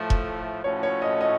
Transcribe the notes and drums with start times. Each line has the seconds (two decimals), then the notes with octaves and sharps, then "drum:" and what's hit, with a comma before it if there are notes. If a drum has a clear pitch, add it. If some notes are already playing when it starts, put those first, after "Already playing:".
Already playing: A2 F3 A3
0.10 drum: kick E1
0.64 A2 F3 A3 C#4 F#4 C#5
0.83 C#5
1.02 D#5
1.21 D#5